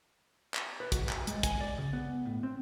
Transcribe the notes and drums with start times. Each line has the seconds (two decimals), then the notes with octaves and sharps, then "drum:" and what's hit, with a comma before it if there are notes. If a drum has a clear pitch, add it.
0.54 drum: clap
0.80 B4
0.92 F#4, drum: kick, hi-hat
1.09 drum: clap
1.27 G#3, drum: hi-hat
1.43 G#5, drum: kick, hi-hat
1.61 D5
1.78 C#3
1.93 B3
2.25 A2
2.43 C4